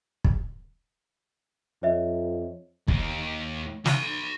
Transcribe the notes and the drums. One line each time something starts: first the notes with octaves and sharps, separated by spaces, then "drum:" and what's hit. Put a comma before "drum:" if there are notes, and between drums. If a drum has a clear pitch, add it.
drum: kick
F2 C#5 D#5 E5
D#2, drum: kick
F#4 C6, drum: snare